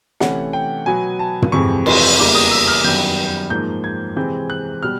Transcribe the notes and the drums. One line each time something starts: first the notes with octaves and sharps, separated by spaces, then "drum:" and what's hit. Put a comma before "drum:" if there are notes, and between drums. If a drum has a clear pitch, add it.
C3 E3 A3 C#4 F#5, drum: snare
G5
B2 F#3 B3 G#5
A5
drum: tom
F2 C3 E3 G#3 C#6
C6, drum: cymbal
E2 C#3 E3 G3 A#3 D6
D#6
E6
F6
F#2 D#3 G3 B3 D4 G6
G#2 F3 A#3 G6
G#6
C3 E3 G#3 C4 G6
F#6
B2 G3 F6